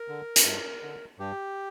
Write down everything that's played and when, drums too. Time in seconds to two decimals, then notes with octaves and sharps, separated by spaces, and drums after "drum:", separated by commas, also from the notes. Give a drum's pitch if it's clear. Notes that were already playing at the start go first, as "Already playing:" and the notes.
Already playing: A#4
0.08 D3
0.36 drum: hi-hat
0.45 G2
0.83 D3
1.19 G2 G4